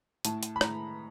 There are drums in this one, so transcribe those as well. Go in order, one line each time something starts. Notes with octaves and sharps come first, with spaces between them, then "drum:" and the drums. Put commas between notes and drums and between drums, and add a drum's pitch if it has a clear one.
A2 A5, drum: hi-hat
drum: hi-hat
B5
A2 A#5, drum: rim click